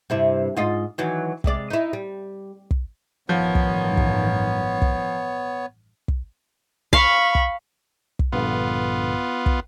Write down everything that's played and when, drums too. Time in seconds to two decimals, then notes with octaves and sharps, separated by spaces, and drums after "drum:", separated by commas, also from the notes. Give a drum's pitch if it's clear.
0.10 G2 C3 E4
0.56 G#2 F4 D#5
0.98 D#3 E3 F#3
1.44 C3 G#3 D5, drum: kick
1.70 D#4 E4
1.93 G3
2.71 drum: kick
3.29 A1 G2 D#3 F3 B3 C#5
3.55 drum: kick
3.97 drum: kick
4.82 drum: kick
6.08 drum: kick
6.93 F5 B5 C#6, drum: kick
7.35 drum: kick
8.19 drum: kick
8.32 A#1 G2 D3 B3 F4
9.46 drum: kick